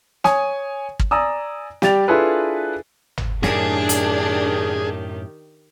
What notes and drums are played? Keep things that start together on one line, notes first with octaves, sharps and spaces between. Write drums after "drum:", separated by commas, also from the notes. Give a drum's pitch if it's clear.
C#5 G#5 D#6, drum: snare
drum: kick
D5 G#5 A#5 D#6 E6
G3 G4 D5 A6 F7, drum: snare
D4 E4 F4 G#4 A4 B4
drum: tom
F#2 A2 D#3 D4 G4 G#4, drum: snare
drum: hi-hat